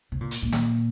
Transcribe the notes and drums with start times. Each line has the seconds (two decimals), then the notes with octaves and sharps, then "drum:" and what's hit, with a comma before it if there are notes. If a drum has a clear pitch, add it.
0.12 C3
0.21 A#2
0.31 drum: hi-hat
0.42 A#2
0.53 drum: snare